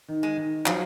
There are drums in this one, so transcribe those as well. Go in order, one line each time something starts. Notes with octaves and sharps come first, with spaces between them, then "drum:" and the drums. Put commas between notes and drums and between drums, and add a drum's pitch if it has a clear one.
D#3
G#3
D#3
F3 F#3, drum: clap